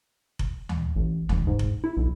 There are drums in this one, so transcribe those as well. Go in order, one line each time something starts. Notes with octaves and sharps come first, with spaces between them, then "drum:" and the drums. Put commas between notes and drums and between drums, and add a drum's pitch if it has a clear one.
drum: kick F1
drum: tom D2
A1
F1, drum: tom D2
G#2
drum: kick F1
E4
B1